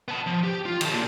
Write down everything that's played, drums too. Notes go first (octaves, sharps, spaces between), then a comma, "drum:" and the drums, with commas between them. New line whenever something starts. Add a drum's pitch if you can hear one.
B3 A5
F3
G4
F4
D#3 A5, drum: cymbal
A#2